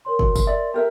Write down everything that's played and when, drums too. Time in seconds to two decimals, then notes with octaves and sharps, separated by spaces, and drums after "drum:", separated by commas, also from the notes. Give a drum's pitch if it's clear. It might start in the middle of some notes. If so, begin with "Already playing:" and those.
0.05 A#4 C#5 C6
0.19 F#4, drum: kick
0.36 drum: kick, tambourine
0.47 D5 E5
0.74 G4 A#4 E5